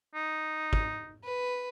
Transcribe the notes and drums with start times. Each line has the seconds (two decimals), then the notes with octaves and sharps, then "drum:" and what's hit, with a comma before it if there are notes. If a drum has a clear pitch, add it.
0.15 D#4
0.73 drum: kick
1.24 B4